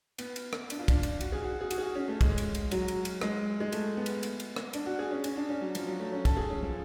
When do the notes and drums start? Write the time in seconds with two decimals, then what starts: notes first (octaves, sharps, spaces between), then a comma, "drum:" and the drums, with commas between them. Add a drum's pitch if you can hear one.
0.18 B3, drum: cymbal
0.36 drum: cymbal
0.53 drum: rim click
0.70 D4, drum: cymbal
0.79 F4
0.88 D4, drum: kick, cymbal
1.03 drum: cymbal
1.21 F#4, drum: cymbal
1.32 G#4
1.44 F#4
1.61 G#4
1.71 F#4, drum: cymbal
1.78 G#4
1.82 F#4
1.95 C#4
2.08 A3
2.21 G#3, drum: kick, cymbal
2.38 drum: cymbal
2.55 drum: cymbal
2.71 F#3, drum: cymbal
2.88 drum: cymbal
3.05 drum: cymbal
3.21 G#3, drum: rim click
3.60 G#3
3.72 A3, drum: cymbal
3.97 B3
4.06 drum: cymbal
4.23 drum: cymbal
4.40 drum: cymbal
4.56 drum: rim click
4.73 D4, drum: cymbal
4.86 F#4
4.99 G#4
5.11 C#4
5.24 C#4, drum: cymbal
5.36 D4
5.49 C#4
5.61 F#3
5.75 F3, drum: cymbal
5.87 F#3
6.00 A3
6.12 C#4
6.25 A4, drum: kick, cymbal
6.37 G#4
6.50 C#4
6.62 F3